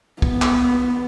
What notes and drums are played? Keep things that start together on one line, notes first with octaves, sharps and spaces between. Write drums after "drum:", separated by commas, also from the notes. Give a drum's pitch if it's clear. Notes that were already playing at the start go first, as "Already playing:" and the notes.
B3, drum: kick
drum: clap